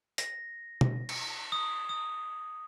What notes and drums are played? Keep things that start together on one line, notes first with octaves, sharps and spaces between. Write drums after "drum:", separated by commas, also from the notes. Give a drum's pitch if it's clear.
A#6, drum: hi-hat
drum: tom B2
C#7, drum: cymbal
D#6
D#6